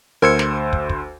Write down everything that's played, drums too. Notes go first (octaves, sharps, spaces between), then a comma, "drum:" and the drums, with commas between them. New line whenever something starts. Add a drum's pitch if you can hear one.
D2 A#4 C5 E6 G#6 C#7
drum: snare
drum: kick
drum: kick